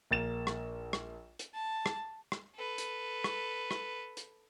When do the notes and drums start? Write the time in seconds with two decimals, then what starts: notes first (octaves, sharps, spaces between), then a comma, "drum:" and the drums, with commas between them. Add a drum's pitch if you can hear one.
0.11 A#1 A#3 A6 E7
0.47 drum: rim click
0.93 drum: rim click
1.39 drum: hi-hat
1.54 A5
1.86 drum: rim click
2.32 drum: rim click
2.55 A4 B4
2.78 drum: hi-hat
3.24 drum: rim click
3.71 drum: rim click
4.17 drum: hi-hat